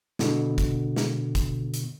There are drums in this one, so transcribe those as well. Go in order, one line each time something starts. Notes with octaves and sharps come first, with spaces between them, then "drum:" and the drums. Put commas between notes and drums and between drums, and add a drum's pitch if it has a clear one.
B2 D3, drum: snare
drum: kick, hi-hat
drum: snare
drum: kick, hi-hat
drum: hi-hat